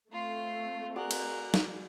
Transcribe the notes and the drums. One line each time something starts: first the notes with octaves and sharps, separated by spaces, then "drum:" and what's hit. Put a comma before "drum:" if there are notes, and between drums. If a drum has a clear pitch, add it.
A3 C4 F4 C6
F#4 G#4 A#4 D5 F#6
drum: cymbal
drum: snare